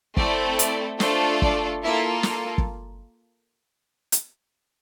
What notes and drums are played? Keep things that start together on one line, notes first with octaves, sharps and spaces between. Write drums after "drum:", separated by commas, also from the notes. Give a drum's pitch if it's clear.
A3 C4 E4 A4 D5, drum: kick
D5, drum: hi-hat
A3 D4 F4 A4 C5, drum: snare
D5, drum: kick
A#3 E4 F4 A4 E5
drum: snare
drum: kick
drum: hi-hat